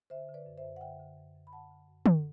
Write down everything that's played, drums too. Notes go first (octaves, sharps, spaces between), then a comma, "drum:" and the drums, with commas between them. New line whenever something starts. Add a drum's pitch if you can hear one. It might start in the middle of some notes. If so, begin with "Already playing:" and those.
D3 C5 E5
D3
B4 D5
F#2
C5 E5
F#2
F#5
D3 E5 G5
D3
F#2
F#2
B5
D3 F#5 A5
D3
F#2
F#2, drum: tom